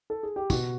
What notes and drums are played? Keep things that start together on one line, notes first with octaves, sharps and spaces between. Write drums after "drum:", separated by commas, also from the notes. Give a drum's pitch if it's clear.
A4
G#4
G4
B2 F#4, drum: kick, tambourine